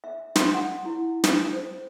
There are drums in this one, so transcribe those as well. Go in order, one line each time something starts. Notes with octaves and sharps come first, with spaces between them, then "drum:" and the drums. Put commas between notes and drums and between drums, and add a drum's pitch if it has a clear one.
E5
C6, drum: snare
F#5
E4
drum: snare
C5